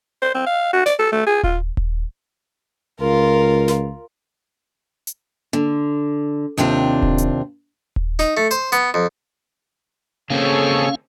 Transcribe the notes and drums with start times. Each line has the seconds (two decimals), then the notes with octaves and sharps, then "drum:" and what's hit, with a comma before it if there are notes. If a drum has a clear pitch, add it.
0.22 C5
0.35 C4
0.46 F5
0.73 F#4
0.86 D5, drum: snare
0.99 A4
1.12 A3
1.27 G#4
1.44 F4, drum: kick D#1
1.77 drum: kick D#1
3.00 C#2 F4 A#4
3.68 drum: snare
5.07 drum: hi-hat
5.53 D3, drum: tom A#3
6.58 D#2 C3 C4 D4 F4
7.03 drum: kick D#1
7.18 drum: hi-hat
7.96 drum: kick D#1
8.19 D#4, drum: snare
8.37 A3
8.51 C5, drum: hi-hat
8.72 B3, drum: hi-hat
8.94 F2
10.30 C#3 A#3 C4 C#4 G#4 A4 C#5 F5